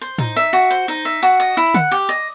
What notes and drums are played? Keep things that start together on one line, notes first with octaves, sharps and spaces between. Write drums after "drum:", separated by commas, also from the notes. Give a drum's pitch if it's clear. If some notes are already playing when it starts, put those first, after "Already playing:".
C5
D#4, drum: tom A2
E5
F#4
C5
D#4
E5
F#4
D#5
E4, drum: hi-hat
F#5, drum: tom D3
G4
D#5